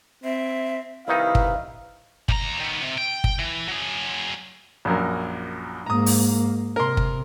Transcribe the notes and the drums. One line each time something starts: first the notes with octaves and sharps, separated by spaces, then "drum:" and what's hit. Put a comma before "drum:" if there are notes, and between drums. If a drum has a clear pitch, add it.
C4 E5
C2 D#3 D#4 E4 B4 F5
drum: kick
D#2 A#5, drum: kick
D#3 B3
C3
G5
drum: kick
E3
F#3 G#4
A#1 F#2 A#4
G#2 A#3 A#5 D#6
drum: open hi-hat
C3 A#4 C6
drum: kick